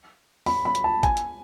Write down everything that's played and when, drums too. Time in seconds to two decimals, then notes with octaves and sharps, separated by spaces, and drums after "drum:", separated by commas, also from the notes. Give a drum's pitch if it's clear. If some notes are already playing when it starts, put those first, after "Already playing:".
0.46 B5, drum: open hi-hat
0.65 B5
0.75 drum: hi-hat
0.84 A5
1.03 G#5, drum: kick, hi-hat
1.17 drum: hi-hat